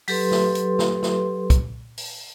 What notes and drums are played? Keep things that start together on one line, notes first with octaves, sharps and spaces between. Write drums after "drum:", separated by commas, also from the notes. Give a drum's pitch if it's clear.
F#3 G4 A4 B4 C6, drum: open hi-hat
drum: snare
drum: hi-hat
drum: snare
drum: snare
drum: kick, hi-hat
drum: open hi-hat